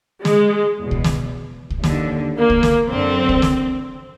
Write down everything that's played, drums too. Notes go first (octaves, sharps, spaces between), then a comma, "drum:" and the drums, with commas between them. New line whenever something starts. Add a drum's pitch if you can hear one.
G#3, drum: snare
E2 B2
drum: kick C2
drum: snare
drum: kick C2
D#2 D3, drum: snare
A#3
drum: kick C2
drum: snare
F#2 D3 C4
drum: kick C2
drum: snare